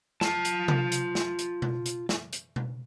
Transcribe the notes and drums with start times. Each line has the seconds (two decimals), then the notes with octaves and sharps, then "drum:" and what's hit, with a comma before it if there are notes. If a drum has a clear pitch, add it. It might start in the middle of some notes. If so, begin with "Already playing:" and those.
0.21 F4 A5, drum: snare
0.45 drum: hi-hat
0.68 drum: tom C3
0.92 drum: hi-hat
1.15 drum: snare
1.39 drum: hi-hat
1.62 drum: tom B2
1.86 drum: hi-hat
2.09 drum: snare
2.33 drum: hi-hat
2.56 drum: tom B2